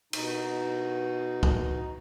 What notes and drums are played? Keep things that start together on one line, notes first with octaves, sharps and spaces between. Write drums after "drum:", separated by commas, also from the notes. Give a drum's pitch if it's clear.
B2 D#4, drum: cymbal
drum: kick C#2